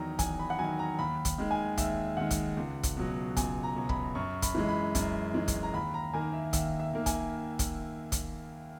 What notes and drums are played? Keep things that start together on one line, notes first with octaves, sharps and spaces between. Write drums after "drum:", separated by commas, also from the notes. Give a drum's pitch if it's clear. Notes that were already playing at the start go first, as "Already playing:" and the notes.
Already playing: E2 D#3 F#3 A#5
E2 G#5, drum: kick, hi-hat
B5
F#5
D#3 F#3 G#5
A#5
D#2 B5
drum: kick, hi-hat
D#3 G#3
G#5
D#2 E5, drum: kick, hi-hat
D#3 G#3 F#5
drum: kick, hi-hat
C#2
drum: kick, hi-hat
B2 F#3
C#2 G#5, drum: kick, hi-hat
A#5
B2 F#3
B5, drum: kick
F#2 C#6
B5, drum: kick, hi-hat
E3 G#3
B5
F#2, drum: kick, hi-hat
E3 G#3
drum: kick, hi-hat
A#5
D#2 B5
A#5
D#3 A#3 G#5
E5
D#2 E5, drum: kick, hi-hat
E5
D#3 A#3
G#5, drum: kick, hi-hat
drum: kick, hi-hat
drum: kick, hi-hat